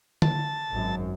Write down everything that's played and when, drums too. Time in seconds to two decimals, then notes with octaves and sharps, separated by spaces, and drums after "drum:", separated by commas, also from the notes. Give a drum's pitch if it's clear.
0.22 A5, drum: tom D3
0.70 G#1 F#2